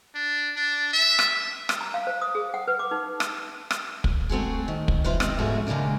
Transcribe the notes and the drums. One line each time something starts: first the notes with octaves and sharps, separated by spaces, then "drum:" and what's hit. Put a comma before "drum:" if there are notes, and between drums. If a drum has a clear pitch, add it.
D4
D4
E5
drum: rim click
drum: rim click
A#5
F5
C5
D#6
G#4
F#5
B4
D6
D#4
drum: rim click
drum: rim click
drum: kick
A3 C4 F#4 G#4
D#3
drum: kick
E3 F4 B4 C5
C4 D#5, drum: rim click
G#2 B2 F3 A3 C#4 F#4
D#2 C#3 G#3 A#3 D4